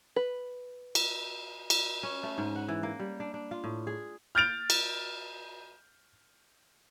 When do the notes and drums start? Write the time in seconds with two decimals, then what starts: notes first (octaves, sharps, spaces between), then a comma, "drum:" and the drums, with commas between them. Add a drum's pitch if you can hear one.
0.16 B4
0.95 drum: cymbal
1.70 drum: cymbal
2.03 C#4
2.23 A3
2.38 G#2
2.56 F#5
2.68 E3
2.83 A#3
3.00 G3
3.20 D4
3.34 D4
3.51 F4
3.64 A2
3.87 G#4
4.35 F6 G6 A6 D7 F7
4.70 drum: cymbal